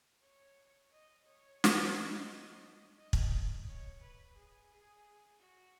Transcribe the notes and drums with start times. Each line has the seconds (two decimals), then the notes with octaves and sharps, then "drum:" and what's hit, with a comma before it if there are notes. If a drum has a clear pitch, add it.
0.22 C#5
0.92 D#5
1.26 C#5
1.64 drum: snare
1.95 D#5
2.98 D#5
3.13 drum: kick
3.67 C#5
4.01 B4
4.36 G#4
4.70 G#4
5.39 F#4